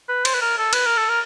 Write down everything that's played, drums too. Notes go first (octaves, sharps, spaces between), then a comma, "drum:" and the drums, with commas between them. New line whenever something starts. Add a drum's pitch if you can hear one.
B4
C5, drum: cymbal
B4
A#4
A4
B4, drum: cymbal
A#4
A4
A#4